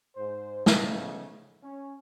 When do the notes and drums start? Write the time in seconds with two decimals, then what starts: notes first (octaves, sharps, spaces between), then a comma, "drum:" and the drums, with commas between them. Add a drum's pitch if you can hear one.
0.16 G#2 C5
0.66 C#3 F3 A3 B3 D#4, drum: snare
1.63 C#4